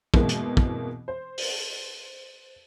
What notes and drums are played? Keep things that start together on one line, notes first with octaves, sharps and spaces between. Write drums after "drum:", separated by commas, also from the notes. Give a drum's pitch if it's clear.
B2 E3 G#3 A#3 C4, drum: kick
drum: hi-hat
drum: kick
C5
drum: open hi-hat